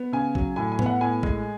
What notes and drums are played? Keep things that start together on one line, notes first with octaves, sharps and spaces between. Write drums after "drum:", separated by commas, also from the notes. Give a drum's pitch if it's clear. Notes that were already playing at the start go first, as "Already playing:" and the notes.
Already playing: B3
C#3 G#5
F#3, drum: kick
A2 G#5
G#5
B3, drum: tom A2
F#5
A2 G#5
G#3, drum: kick